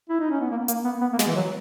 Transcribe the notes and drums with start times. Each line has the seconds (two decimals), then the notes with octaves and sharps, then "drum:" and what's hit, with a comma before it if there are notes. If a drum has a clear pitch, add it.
0.10 E4
0.20 D#4
0.31 C#4
0.41 B3
0.51 A#3
0.68 A#3, drum: hi-hat
0.85 B3
1.01 B3
1.13 A#3
1.19 G#3, drum: snare
1.28 E3
1.36 F#3